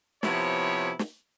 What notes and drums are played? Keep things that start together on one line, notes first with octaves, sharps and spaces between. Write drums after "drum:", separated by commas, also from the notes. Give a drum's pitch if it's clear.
C3 F3 B3 E4 C#5, drum: snare
drum: snare